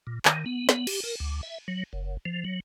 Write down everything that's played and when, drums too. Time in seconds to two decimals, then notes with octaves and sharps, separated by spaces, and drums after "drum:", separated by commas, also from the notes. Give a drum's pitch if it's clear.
0.07 A#2
0.25 D#3, drum: clap
0.46 B3
0.69 B3, drum: snare
0.87 G4, drum: cymbal
1.04 A#4
1.20 D2
1.43 E5
1.68 F#3
1.93 F#1
2.25 F3
2.45 F#3